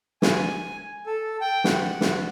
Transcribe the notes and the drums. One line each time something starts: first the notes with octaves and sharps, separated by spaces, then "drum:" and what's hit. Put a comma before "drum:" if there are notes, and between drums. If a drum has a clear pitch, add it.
G#5, drum: snare
A4
G5
F#5, drum: snare
drum: snare